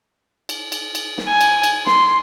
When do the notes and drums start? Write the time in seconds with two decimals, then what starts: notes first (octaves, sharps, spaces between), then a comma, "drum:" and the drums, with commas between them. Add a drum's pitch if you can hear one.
0.49 drum: cymbal
0.72 drum: cymbal
0.95 drum: cymbal
1.18 drum: snare
1.28 G#5
1.41 drum: cymbal
1.63 drum: cymbal
1.86 C6, drum: snare